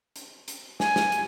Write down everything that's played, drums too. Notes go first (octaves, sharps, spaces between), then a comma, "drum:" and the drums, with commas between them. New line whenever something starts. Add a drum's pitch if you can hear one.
drum: hi-hat
drum: hi-hat
G#5, drum: snare
drum: snare
drum: hi-hat